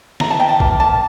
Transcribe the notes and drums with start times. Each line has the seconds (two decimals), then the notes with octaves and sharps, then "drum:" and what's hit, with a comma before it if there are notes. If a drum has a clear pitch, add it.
0.20 E3 A#5, drum: snare
0.31 A5
0.40 E3 G5
0.49 A5
0.60 A#3, drum: kick A1
0.80 A#3 A5